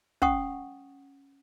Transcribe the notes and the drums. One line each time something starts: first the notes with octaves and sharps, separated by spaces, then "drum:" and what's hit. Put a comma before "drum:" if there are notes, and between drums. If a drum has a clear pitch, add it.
C#4 F#5 C#6 D#6, drum: kick